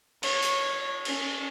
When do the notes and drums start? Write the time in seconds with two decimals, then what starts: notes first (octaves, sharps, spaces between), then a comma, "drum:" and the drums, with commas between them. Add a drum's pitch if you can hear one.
0.23 C#5, drum: cymbal
0.42 drum: hi-hat
1.05 C#4, drum: cymbal